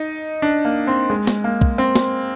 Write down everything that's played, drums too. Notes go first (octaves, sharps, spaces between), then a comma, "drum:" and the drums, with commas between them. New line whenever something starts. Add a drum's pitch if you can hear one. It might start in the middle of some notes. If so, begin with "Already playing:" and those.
Already playing: D#4
D4
A#3
C4
G#3
drum: snare
A#3
drum: kick
C4
drum: snare